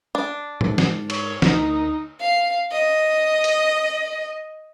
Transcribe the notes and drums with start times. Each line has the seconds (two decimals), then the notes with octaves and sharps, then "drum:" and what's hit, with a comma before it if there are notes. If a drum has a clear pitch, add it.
0.15 D4
0.61 G#2 A#4, drum: tom G#2
0.78 drum: snare
1.10 C#5, drum: cymbal
1.42 D2 D#4, drum: snare
2.21 F5
2.72 D#5
3.44 drum: hi-hat